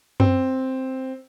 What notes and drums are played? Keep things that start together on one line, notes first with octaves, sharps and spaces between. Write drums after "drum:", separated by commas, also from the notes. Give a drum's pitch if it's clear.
C4, drum: tom F#2